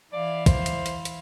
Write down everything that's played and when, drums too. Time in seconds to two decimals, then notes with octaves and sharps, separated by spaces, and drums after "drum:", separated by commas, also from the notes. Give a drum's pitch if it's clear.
0.13 E3 E4 D5 F5
0.46 C5, drum: kick, hi-hat
0.66 drum: hi-hat
0.86 drum: hi-hat
1.05 drum: hi-hat